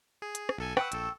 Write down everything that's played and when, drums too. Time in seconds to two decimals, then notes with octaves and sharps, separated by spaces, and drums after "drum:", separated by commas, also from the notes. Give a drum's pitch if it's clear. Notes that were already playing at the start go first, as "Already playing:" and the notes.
0.22 G#4
0.35 drum: hi-hat
0.49 drum: rim click
0.58 B1 A4 G#5
0.77 B4 F#5 G5 C#6 E6, drum: rim click
0.92 A#1 A4, drum: hi-hat